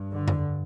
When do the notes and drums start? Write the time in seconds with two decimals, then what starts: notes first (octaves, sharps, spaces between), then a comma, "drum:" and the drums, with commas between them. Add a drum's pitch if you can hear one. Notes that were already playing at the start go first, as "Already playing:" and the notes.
Already playing: G2
0.12 D3
0.28 drum: tom F2